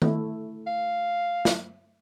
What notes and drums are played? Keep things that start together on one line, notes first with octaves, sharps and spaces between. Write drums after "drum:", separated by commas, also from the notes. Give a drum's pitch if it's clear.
A3 E4, drum: tom D#3
F5
drum: snare